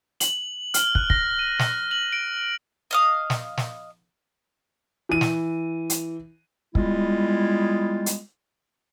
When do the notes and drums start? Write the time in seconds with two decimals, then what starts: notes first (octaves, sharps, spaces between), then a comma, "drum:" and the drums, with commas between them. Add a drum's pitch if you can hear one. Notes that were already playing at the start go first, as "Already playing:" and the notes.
0.20 F#7, drum: hi-hat
0.74 F6, drum: hi-hat
0.95 F#6, drum: kick
1.10 A#6, drum: kick
1.39 D#7
1.59 A#6, drum: snare
1.91 F#7
2.13 D7
2.91 D#5 F5 D#6
3.30 drum: snare
3.57 drum: snare
5.09 E3 D#7
5.21 drum: snare
5.90 drum: hi-hat
6.75 G3 G#3 B3 E4 F4, drum: kick
8.06 drum: hi-hat